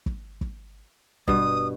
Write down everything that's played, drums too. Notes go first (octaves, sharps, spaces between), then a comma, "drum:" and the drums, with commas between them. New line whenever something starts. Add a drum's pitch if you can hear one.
drum: kick
drum: kick
G2 B2 D#6, drum: kick